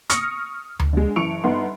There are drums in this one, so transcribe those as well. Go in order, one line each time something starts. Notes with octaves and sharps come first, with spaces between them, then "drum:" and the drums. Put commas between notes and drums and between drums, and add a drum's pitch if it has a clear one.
C#6 D#6 F6 A#6 C#7, drum: hi-hat
drum: tom D2
D3 G#3
F#1 E3 C#6 C#7 D7 F7
G1 B3 D#4 F#5 C6